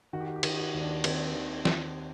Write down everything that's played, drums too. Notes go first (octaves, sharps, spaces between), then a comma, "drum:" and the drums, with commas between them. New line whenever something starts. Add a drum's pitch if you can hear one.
D#3 F#4
G4
F#4
G4
D#3, drum: cymbal
F#4
D#2
D4
D#2 C4, drum: cymbal
D#3
D#3, drum: snare